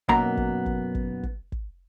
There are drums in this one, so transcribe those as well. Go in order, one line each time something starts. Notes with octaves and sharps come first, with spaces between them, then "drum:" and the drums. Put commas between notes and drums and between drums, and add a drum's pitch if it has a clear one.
B1 F#2 F#3 A#3 B3 A#5, drum: kick
drum: kick
drum: kick
drum: kick
drum: kick
drum: kick